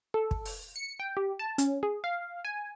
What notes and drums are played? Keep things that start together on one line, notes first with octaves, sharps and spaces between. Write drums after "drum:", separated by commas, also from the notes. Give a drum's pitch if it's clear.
A4
drum: kick
drum: open hi-hat
C#7
G5
G4
A5
C#4, drum: hi-hat
G#4
F5
G#5